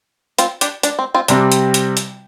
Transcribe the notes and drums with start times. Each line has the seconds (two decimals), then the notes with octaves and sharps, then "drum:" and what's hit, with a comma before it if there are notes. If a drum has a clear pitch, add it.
0.39 C4 F4, drum: hi-hat
0.61 D4 G4, drum: hi-hat
0.83 D4, drum: hi-hat
0.99 C4
1.15 C4 F4
1.28 C3 G3 C4 D4, drum: hi-hat
1.52 drum: hi-hat
1.74 drum: hi-hat
1.97 drum: hi-hat